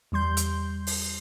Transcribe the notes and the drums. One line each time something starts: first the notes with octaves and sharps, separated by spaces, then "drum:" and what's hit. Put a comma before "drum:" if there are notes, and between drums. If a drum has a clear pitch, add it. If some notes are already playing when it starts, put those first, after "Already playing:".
E2 G3 C6 G6
drum: hi-hat
drum: open hi-hat